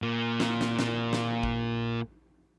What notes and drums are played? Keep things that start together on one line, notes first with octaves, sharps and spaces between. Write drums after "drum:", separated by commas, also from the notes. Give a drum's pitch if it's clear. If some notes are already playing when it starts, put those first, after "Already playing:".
A#2 A#3
drum: snare
drum: snare
drum: snare
drum: snare
drum: kick